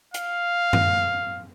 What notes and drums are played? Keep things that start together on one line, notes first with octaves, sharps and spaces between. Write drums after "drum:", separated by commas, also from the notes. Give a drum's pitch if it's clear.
F5, drum: hi-hat
drum: tom F#2